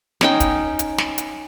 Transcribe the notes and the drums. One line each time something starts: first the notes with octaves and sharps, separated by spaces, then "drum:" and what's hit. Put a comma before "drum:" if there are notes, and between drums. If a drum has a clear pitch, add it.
C#4 D#4 G5, drum: snare
drum: kick, hi-hat
drum: hi-hat
drum: snare
drum: hi-hat